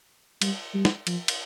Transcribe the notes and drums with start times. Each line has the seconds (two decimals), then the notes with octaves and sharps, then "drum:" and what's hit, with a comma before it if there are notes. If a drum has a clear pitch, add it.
0.42 G3, drum: cymbal
0.74 G3
0.85 drum: snare
1.07 F3, drum: cymbal
1.28 drum: cymbal